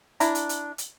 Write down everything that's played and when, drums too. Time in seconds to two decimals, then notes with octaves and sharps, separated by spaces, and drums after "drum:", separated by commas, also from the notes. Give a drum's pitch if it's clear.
0.20 D4 E4 A#5, drum: hi-hat
0.35 drum: hi-hat
0.49 drum: hi-hat
0.78 drum: hi-hat